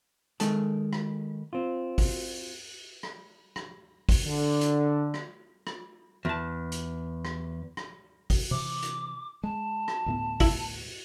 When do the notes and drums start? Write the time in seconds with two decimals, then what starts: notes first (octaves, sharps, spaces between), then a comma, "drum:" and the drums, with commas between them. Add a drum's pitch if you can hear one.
0.40 D#3 G#3 A4 A5, drum: hi-hat
0.93 drum: rim click
1.53 C4 F4
1.98 drum: kick G#1, open hi-hat
3.03 drum: rim click
3.56 drum: rim click
4.09 drum: kick G#1, open hi-hat
4.25 D3
4.61 drum: hi-hat
5.14 drum: rim click
5.67 drum: rim click
6.25 E2 A5
6.72 drum: hi-hat
7.25 drum: rim click
7.77 drum: rim click
8.30 drum: kick G#1, open hi-hat
8.51 C3 E3 D6
8.83 drum: hi-hat
9.43 G#3 A5
9.88 drum: rim click
10.06 D2 A2 B3
10.40 E4, drum: kick G#1, open hi-hat